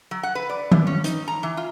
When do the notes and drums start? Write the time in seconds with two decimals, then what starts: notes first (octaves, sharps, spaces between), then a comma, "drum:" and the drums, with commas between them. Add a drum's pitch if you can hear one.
0.11 F#3
0.23 F#5
0.35 B4
0.49 D5
0.71 C3, drum: tom D#3
0.87 C#4
1.04 D#4, drum: hi-hat
1.28 A#5
1.43 E3
1.57 F4